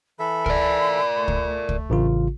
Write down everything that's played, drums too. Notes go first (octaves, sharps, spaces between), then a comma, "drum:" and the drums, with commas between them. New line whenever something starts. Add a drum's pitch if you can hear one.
E3 A4 E5 B5
A#4 D5, drum: kick
A3
drum: kick
drum: kick
A1 C#3 F4